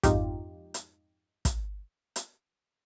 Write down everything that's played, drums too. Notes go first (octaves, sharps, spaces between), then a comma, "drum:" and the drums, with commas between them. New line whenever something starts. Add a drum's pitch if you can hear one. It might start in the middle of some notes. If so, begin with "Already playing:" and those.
F2 G#2 D#4 F4 G4, drum: kick, hi-hat
drum: hi-hat
drum: kick, hi-hat
drum: hi-hat